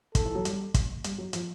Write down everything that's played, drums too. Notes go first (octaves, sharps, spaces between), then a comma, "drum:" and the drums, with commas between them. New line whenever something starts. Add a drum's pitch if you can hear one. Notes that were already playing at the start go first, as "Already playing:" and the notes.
D#3 A4, drum: kick, hi-hat
E3
F#3
G3, drum: hi-hat
drum: kick, hi-hat
G3, drum: hi-hat
F#3
F3, drum: hi-hat